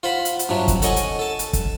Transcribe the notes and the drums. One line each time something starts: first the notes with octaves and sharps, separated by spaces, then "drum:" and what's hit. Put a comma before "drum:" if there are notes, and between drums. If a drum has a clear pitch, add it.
F4 C5 F#5 B5
drum: hi-hat
drum: hi-hat
G2 C3 F3 F#3
drum: kick, hi-hat
A4 C#5 D#5 F#5 G#5, drum: hi-hat
drum: hi-hat
A4 A5
drum: hi-hat
drum: kick, hi-hat